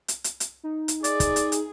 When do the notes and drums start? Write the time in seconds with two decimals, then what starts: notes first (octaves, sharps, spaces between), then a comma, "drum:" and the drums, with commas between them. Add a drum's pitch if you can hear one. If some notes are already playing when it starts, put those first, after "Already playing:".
0.08 drum: hi-hat
0.24 drum: hi-hat
0.40 drum: hi-hat
0.64 D#4
0.88 drum: hi-hat
1.04 G#4 D5, drum: hi-hat
1.20 drum: kick, hi-hat
1.36 drum: hi-hat
1.52 drum: hi-hat